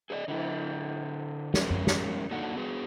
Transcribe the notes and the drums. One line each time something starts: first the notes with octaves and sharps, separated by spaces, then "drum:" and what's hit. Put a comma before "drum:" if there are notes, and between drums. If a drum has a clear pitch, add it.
G#4 A4 C5 D5 D#5
D3 E4, drum: cymbal
F3 G#3 C#4 A#4, drum: snare
drum: tom F#2
drum: snare
A#3 D4 D#4 F#4 A4 F#5
B3 F#4 G#4 B4